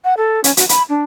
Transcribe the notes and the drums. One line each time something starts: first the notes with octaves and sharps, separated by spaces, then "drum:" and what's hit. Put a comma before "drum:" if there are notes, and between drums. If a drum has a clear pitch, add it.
F#5
A4
C#4, drum: hi-hat
F#4, drum: hi-hat
B5, drum: hi-hat
D4